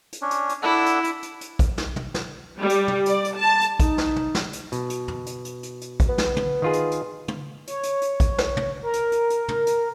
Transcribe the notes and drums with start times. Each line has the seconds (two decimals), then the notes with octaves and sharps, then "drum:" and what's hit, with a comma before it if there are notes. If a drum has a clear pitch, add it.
0.13 drum: hi-hat
0.22 C#4 D4
0.31 drum: hi-hat
0.49 drum: hi-hat
0.63 D4 E4 A4 F#5
0.86 drum: hi-hat
1.04 drum: hi-hat
1.23 drum: hi-hat
1.41 drum: hi-hat
1.59 drum: kick, hi-hat
1.78 drum: snare
1.96 drum: tom
2.14 drum: snare
2.60 G3
2.69 drum: hi-hat
2.88 drum: tom
3.06 D5, drum: hi-hat
3.25 drum: hi-hat
3.35 A5
3.61 drum: hi-hat
3.80 D#4, drum: kick, hi-hat
3.98 drum: snare
4.16 drum: tom
4.35 drum: snare
4.53 drum: hi-hat
4.72 B2, drum: hi-hat
4.90 drum: hi-hat
5.08 drum: tom
5.26 drum: hi-hat
5.45 drum: hi-hat
5.63 drum: hi-hat
5.81 drum: hi-hat
6.00 drum: kick, hi-hat
6.09 B3
6.18 drum: snare
6.36 drum: tom
6.62 D#3 F4 G#4
6.73 drum: hi-hat
6.92 drum: hi-hat
7.28 drum: tom
7.67 C#5, drum: hi-hat
7.83 drum: hi-hat
8.02 drum: hi-hat
8.20 drum: kick, hi-hat
8.38 drum: snare
8.57 drum: tom
8.83 A#4
8.93 drum: hi-hat
9.12 drum: hi-hat
9.30 drum: hi-hat
9.48 drum: tom
9.67 drum: hi-hat